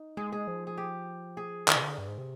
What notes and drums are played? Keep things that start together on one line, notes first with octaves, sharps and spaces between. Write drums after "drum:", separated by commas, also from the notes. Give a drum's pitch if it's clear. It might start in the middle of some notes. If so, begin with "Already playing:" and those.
Already playing: D#4
G#3 G#4
G#4
F3
G#4
G4
G#4
D#3, drum: clap
C3
D3
G2
G#2
C3